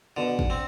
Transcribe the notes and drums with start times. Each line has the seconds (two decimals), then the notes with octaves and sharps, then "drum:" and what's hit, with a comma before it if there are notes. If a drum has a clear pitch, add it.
0.17 B2 D3
0.39 drum: kick
0.50 C4